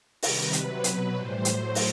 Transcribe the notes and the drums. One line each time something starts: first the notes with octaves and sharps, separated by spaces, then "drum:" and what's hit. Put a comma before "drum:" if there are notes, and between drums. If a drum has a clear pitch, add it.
C3 D#3 G3 B4, drum: open hi-hat
C3 F#3 B4, drum: hi-hat
B2 F#3, drum: hi-hat
A2 E3 G3 C5
A2 F#3, drum: hi-hat
drum: open hi-hat